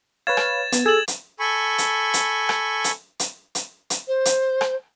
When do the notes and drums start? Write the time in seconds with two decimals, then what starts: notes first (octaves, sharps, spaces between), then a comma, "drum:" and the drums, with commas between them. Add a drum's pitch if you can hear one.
0.27 B4 C#5 F5 G#6 A6 E7
0.37 drum: rim click
0.72 B3, drum: hi-hat
0.86 G#4 A4 G#6 E7 F#7
1.08 drum: hi-hat
1.39 A4 G#5 B5 C#6
1.78 drum: hi-hat
2.14 drum: hi-hat
2.49 drum: rim click
2.84 drum: hi-hat
3.19 drum: hi-hat
3.55 drum: hi-hat
3.90 drum: hi-hat
4.07 C5
4.25 drum: hi-hat
4.61 drum: rim click